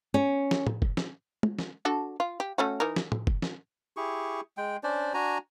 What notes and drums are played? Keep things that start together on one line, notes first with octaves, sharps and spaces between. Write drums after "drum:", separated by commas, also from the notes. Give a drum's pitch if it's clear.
C#4
drum: snare
drum: tom A2
drum: kick
drum: snare
drum: tom
drum: snare
D4 F#4 A4
F4
G4
A3 C#4 F#4
E3 D#4 A#4
drum: snare
drum: tom A2
drum: kick
drum: snare
E4 G4 G#4 C#6
G#3 G5
C#4 D4 C5 D5
D4 F#4 G#5 A#5